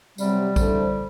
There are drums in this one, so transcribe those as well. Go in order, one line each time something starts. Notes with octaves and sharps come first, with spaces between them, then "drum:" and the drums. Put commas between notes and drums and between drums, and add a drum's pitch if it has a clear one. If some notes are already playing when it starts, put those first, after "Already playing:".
C3 F#3 G3 C4 G4, drum: tambourine
E3 A3 D4 A4 C5, drum: kick A#1, tambourine